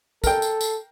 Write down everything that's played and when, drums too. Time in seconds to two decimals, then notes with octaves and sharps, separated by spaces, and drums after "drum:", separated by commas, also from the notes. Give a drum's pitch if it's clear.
0.24 A4 A#4 G5, drum: kick, tambourine
0.42 drum: tambourine
0.61 drum: tambourine